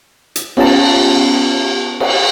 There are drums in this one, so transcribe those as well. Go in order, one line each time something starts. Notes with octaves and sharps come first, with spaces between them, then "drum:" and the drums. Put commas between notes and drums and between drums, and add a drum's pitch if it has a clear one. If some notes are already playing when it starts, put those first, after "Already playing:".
drum: hi-hat
B3 C#4 F4 G4 A5 A#5, drum: cymbal
drum: cymbal